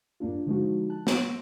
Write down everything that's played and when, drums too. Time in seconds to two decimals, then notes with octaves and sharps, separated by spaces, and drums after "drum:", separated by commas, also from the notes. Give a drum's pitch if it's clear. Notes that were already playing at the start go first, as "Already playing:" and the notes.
0.20 G2 A#3 D4 F4
0.46 D3 F3 G#3 D#4 F#4
0.90 A5 F#6
1.07 C6 C#6 E6 A#6 D7, drum: snare